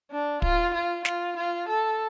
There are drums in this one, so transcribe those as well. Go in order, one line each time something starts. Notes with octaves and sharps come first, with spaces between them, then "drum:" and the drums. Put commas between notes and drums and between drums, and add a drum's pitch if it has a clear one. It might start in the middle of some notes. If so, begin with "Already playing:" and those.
D4
F4, drum: kick
F4
F4, drum: snare
F4
A4